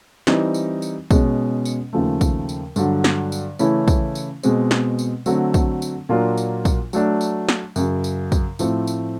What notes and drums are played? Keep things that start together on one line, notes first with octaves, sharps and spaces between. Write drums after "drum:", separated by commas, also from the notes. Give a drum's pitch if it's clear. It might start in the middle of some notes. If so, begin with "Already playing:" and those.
E3 G3 C4 D#4, drum: snare
drum: tambourine
drum: tambourine
B2 G#3 C#4, drum: kick, tambourine
drum: tambourine
D#2 C#3 F3 A3
drum: kick, tambourine
drum: tambourine
G2 D3 F#3, drum: tambourine
drum: snare
drum: tambourine
C#3 E3 A3 C#4 E4, drum: tambourine
drum: kick, tambourine
drum: tambourine
B2 G#3 C4, drum: tambourine
drum: snare
drum: tambourine
D3 F#3 A3 C4, drum: tambourine
drum: kick, tambourine
drum: tambourine
A#2 F#3 A#3 D4 F4
drum: tambourine
drum: kick, tambourine
F#3 A3 D4, drum: tambourine
drum: tambourine
drum: snare
F#2 C#3 F#3, drum: tambourine
drum: tambourine
drum: kick, tambourine
A2 F3 A3 C4, drum: tambourine
drum: tambourine